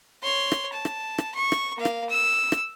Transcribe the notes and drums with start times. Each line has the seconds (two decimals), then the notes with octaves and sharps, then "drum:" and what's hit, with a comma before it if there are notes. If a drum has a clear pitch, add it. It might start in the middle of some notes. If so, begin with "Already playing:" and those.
0.23 C#5 C6
0.52 drum: rim click
0.73 A5
0.85 drum: rim click
1.18 drum: rim click
1.35 C#6
1.52 drum: rim click
1.76 A#3 F5
1.85 drum: rim click
2.10 E6
2.52 drum: rim click